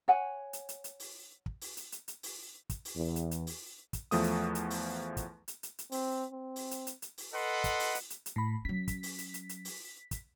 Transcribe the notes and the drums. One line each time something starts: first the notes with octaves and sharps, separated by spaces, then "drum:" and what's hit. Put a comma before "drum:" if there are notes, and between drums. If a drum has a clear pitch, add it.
C#5 F#5 G#5
drum: hi-hat
drum: hi-hat
drum: hi-hat
drum: open hi-hat
drum: kick
drum: open hi-hat
drum: hi-hat
drum: hi-hat
drum: hi-hat
drum: open hi-hat
drum: kick, hi-hat
drum: open hi-hat
E2
drum: hi-hat
drum: hi-hat
drum: open hi-hat
drum: kick, hi-hat
E2 F3 A3 D#6, drum: open hi-hat
drum: hi-hat
drum: hi-hat
drum: open hi-hat
drum: kick, hi-hat
drum: hi-hat
drum: hi-hat
drum: hi-hat
C4, drum: open hi-hat
C4
drum: open hi-hat
drum: hi-hat
drum: hi-hat
drum: hi-hat
drum: open hi-hat
A4 B4 D#5 F#5 C6
drum: kick, hi-hat
drum: open hi-hat
drum: hi-hat
drum: hi-hat
drum: hi-hat
A2 B5
F#3 C#4 B6
drum: kick, hi-hat
drum: open hi-hat
drum: hi-hat
drum: hi-hat
drum: hi-hat
drum: open hi-hat
drum: kick, hi-hat